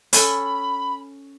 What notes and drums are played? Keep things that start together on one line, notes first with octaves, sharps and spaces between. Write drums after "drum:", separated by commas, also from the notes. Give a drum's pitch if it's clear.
C#4 A4 B5, drum: hi-hat